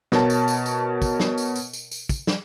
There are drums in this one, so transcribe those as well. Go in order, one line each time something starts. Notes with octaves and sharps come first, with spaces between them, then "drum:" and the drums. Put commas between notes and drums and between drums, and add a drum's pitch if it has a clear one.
B2 A#4 C#5 A5, drum: snare
drum: tambourine
drum: tambourine
drum: tambourine
drum: kick, tambourine
drum: snare
drum: tambourine
drum: tambourine
drum: tambourine
drum: tambourine
drum: kick, tambourine
drum: snare